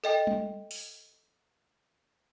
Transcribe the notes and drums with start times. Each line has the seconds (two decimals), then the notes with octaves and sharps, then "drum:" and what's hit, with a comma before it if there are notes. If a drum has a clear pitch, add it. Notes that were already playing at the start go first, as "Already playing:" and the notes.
0.04 A4 D#5 G5, drum: tambourine
0.27 drum: tom G3
0.71 drum: open hi-hat